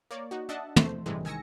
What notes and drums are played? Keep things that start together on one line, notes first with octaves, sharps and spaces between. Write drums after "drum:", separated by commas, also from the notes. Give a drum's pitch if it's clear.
A#3 C#5 D5
D#4 F#4
D4 D#5 E5 F#5 A5
E2 A3 C5, drum: tom
A1 G2 C3 E3 G#3
D#3 G#5 E6 A#6 C#7